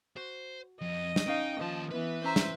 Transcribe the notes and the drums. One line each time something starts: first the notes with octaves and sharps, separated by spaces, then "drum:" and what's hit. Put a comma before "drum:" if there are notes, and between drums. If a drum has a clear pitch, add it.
F#4 C5
F2 D#5
drum: snare
C#4 D#4 F5 G5
D#2 F3 A5
E3 B3 B4
C#4 C5 E5 A#5
drum: snare